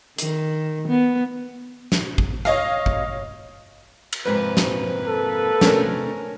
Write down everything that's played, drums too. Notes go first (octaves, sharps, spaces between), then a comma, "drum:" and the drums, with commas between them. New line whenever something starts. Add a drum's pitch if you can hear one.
D#3, drum: hi-hat
B3
drum: snare
drum: kick
C#5 D#5 F5, drum: rim click
drum: kick
drum: cymbal
F2 G#2 C3 A#3 B4
drum: snare
A4
C3 A3 C#4 D4 A#4, drum: snare